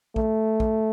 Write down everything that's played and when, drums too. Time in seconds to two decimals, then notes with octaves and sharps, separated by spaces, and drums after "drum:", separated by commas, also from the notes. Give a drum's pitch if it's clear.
0.16 A3, drum: kick
0.60 drum: kick